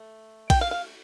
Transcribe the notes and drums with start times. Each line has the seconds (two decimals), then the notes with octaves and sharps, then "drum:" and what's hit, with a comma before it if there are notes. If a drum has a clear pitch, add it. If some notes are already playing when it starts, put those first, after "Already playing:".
Already playing: A3
0.50 G5, drum: kick A#1, cymbal
0.61 F5
0.71 F5